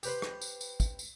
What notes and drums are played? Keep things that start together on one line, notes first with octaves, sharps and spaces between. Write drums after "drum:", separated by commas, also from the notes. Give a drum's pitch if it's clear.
G4 B4 C5, drum: tambourine
drum: rim click
drum: tambourine
drum: tambourine
drum: kick, tambourine
drum: tambourine